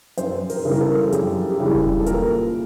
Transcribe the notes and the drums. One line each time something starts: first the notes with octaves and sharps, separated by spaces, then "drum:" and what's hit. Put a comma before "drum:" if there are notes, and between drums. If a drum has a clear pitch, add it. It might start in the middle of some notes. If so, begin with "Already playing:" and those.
F#2 C5, drum: hi-hat
A#4, drum: open hi-hat
C#3 E3 G3
A#4
A4
G#4
F#2 G4, drum: hi-hat
G4
C#3 E3 G3 G#4
drum: kick E1
A4
A#2 A#4, drum: hi-hat